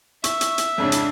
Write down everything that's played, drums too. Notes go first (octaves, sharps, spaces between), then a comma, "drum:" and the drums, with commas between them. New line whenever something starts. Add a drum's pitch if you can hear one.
E5 C#6, drum: hi-hat
drum: hi-hat
drum: hi-hat
F2 G#2 C#3 D4
drum: hi-hat